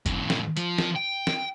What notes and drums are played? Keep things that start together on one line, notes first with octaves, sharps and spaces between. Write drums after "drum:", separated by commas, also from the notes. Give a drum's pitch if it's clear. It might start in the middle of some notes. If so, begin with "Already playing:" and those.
F2 A2, drum: kick, hi-hat
drum: snare
F3, drum: hi-hat
drum: snare
G5
drum: snare